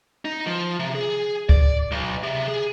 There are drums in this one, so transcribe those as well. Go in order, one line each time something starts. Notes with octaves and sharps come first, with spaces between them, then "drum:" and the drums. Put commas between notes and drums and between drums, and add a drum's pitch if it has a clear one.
D#4
F3
C3
G#4
D5, drum: kick D2
B1
C3
G#4